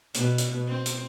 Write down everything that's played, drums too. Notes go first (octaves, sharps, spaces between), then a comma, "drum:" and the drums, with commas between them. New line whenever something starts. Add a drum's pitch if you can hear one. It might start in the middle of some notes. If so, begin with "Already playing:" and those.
B2, drum: hi-hat
drum: hi-hat
C4
drum: hi-hat